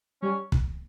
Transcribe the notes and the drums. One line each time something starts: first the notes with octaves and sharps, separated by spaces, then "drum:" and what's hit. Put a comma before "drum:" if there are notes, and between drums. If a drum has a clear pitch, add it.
G3 C#4
drum: kick